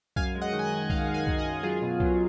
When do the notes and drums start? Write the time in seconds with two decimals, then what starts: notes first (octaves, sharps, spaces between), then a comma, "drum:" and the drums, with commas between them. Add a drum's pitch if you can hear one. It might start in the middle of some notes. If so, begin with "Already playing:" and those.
0.16 F#2 F5 G#5, drum: kick B1
0.35 G#3
0.41 D#5 F#5
0.53 D#3
0.59 G#5
0.65 D#5 F#5
0.71 F#2
0.90 F#2 F5 G#5, drum: kick B1
1.08 G#3
1.14 F5 G#5
1.27 D#3, drum: kick B1
1.39 D#5 F#5
1.45 F#2
1.63 F#3 F4 G#4
1.82 B2
2.00 F#3, drum: kick B1